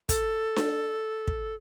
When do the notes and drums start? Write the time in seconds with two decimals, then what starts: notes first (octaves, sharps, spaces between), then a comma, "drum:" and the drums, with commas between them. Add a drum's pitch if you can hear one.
0.09 A4, drum: kick, hi-hat
0.56 drum: snare D4
1.28 drum: kick